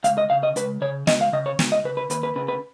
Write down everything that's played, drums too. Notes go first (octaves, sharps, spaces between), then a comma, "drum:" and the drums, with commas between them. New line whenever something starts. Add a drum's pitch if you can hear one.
C#2 F5, drum: hi-hat
D#5
C#3 F5
D#5
C#2 B4, drum: hi-hat
C#3 C#5
C#2 D#5, drum: snare
F5
C#3 D#5
C#5
C#2, drum: snare
D#5
C#3 B4
B4
D#2 B4, drum: hi-hat
B4
C#3 B4
B4